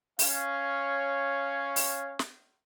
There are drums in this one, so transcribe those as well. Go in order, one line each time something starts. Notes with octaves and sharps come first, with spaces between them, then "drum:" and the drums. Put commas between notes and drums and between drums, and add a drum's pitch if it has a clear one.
C#4 C#5 F5, drum: open hi-hat
drum: open hi-hat
drum: snare